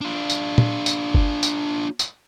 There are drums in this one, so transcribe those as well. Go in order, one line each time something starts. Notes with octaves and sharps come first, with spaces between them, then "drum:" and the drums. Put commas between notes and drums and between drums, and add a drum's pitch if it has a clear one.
D4 F4
drum: tambourine
drum: tom
drum: tambourine
drum: kick
drum: tambourine
drum: tambourine